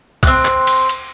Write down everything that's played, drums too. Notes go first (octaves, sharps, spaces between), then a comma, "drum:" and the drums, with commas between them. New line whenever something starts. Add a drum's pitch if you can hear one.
C4 F#6, drum: kick, cymbal
drum: clap
drum: cymbal
drum: cymbal